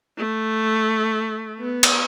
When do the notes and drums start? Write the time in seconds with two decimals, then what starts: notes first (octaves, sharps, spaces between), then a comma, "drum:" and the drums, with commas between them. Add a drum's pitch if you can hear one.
0.17 A3
1.60 B3
1.83 drum: cymbal